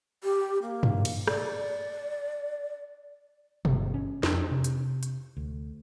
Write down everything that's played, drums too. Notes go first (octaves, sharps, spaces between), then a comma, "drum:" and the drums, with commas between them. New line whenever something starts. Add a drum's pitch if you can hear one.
G4
A#3
drum: tom G2
drum: cymbal
D5, drum: rim click
G1, drum: tom B2
C#4
F2, drum: snare
C3
drum: hi-hat
drum: hi-hat
D2